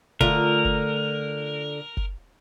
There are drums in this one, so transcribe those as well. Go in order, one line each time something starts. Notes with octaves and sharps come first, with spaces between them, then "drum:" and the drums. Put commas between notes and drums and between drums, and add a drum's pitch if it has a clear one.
D3 A3 F4 A#4, drum: kick F#1
drum: kick F#1
drum: kick F#1